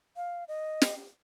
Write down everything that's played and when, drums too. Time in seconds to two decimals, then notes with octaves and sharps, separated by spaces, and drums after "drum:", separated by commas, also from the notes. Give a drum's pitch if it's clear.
0.17 F5
0.48 D#5
0.82 drum: snare